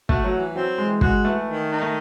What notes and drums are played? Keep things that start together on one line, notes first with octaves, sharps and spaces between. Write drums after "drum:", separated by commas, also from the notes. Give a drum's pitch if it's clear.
A3 F#4, drum: kick
F#3
E3
F#3 C4
E3 G#3
G#3 F#4, drum: kick
E3 A3
D#3
D#4
A3